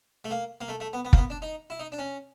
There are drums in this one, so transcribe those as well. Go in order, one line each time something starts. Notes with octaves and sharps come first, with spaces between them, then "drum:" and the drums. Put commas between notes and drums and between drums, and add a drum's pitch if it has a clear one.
A3
A#3
A#3
A3
A3
B3
B3
A#3, drum: kick
B3
D4
D#4
E4
D#4
D4
C#4